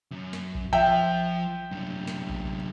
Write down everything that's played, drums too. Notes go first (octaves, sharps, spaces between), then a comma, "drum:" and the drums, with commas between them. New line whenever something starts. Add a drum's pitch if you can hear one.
F#2
drum: snare
drum: kick A#1
F3 E5 G5
F#2 D3
drum: snare
drum: kick A#1